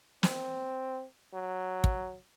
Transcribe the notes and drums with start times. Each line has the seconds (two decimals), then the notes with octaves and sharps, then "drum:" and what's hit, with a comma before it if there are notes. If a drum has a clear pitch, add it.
0.23 C4, drum: snare
1.34 F#3
1.84 drum: kick